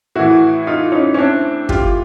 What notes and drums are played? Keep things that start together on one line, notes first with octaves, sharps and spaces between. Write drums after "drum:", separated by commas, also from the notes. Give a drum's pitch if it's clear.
A2 E3 E4 F#4
D#4 F4
C#4 D#4
C#4
C4 D4
F4 G4, drum: kick